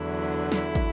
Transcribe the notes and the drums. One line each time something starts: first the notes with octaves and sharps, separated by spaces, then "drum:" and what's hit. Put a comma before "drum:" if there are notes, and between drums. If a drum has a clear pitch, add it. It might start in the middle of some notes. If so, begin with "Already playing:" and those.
Already playing: E2 D3 F#3 E4
E4, drum: snare
drum: kick, hi-hat